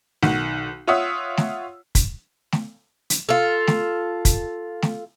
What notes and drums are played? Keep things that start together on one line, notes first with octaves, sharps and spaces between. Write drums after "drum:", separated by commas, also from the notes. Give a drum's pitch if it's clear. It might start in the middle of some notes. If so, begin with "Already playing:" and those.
B1 D#3 F#5, drum: snare A3
F4 C#5 E5 F#5 D#6 E6
drum: snare A3
drum: kick, hi-hat
drum: snare A3
drum: hi-hat
F4 A4
drum: snare A3
drum: kick, hi-hat
drum: snare A3